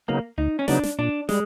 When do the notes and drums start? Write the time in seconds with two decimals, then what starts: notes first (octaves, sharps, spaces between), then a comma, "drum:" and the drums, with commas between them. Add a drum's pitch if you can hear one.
0.08 C#3 F#3 A#3 B3 D#4
0.38 D2 D#4
0.59 C#4
0.68 C#3 F#3 B3 D4 D#4, drum: snare
0.84 drum: snare
0.99 A#2 D4
1.29 G3 G#3, drum: snare